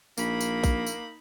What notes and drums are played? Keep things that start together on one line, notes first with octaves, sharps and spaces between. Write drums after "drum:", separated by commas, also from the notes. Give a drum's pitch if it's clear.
A#1 A#3 D#4 B5, drum: tambourine
drum: tambourine
drum: kick A#1, tambourine
drum: tambourine